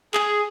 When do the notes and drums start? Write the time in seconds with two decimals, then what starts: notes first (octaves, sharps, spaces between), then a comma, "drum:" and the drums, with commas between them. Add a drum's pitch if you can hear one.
0.14 G#4, drum: clap